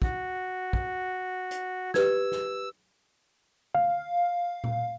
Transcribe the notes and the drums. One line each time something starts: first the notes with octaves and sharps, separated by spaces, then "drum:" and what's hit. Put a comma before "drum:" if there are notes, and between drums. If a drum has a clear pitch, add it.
F#4, drum: kick
drum: kick
drum: hi-hat
G4 B4 E6 G#6, drum: snare
drum: snare
F5, drum: tom D3
drum: tom A#2